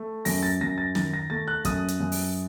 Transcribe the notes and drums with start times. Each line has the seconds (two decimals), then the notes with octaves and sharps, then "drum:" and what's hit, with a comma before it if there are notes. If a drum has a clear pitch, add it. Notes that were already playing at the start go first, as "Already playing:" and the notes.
Already playing: A3
0.25 F#2 A#6, drum: open hi-hat
0.43 A6
0.61 F#2 A#6
0.78 A6
0.95 D#3 A6, drum: snare
1.14 A#6
1.30 A3 A6
1.48 F#6
1.65 F#2 D#6, drum: kick, hi-hat
1.88 drum: hi-hat
2.00 F#2
2.12 drum: open hi-hat